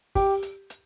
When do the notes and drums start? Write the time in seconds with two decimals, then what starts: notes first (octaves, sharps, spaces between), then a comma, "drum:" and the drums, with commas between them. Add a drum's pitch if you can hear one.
0.15 G4, drum: kick, open hi-hat
0.43 drum: hi-hat
0.70 drum: hi-hat